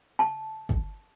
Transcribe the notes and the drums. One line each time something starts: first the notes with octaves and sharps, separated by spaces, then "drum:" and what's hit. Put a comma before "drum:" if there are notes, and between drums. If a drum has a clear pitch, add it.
A5
drum: kick